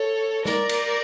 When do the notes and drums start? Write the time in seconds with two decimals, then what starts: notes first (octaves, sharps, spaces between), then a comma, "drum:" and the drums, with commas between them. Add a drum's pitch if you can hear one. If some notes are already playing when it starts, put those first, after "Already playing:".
Already playing: A4 C#5
0.45 A#4 D5, drum: snare
0.69 drum: cymbal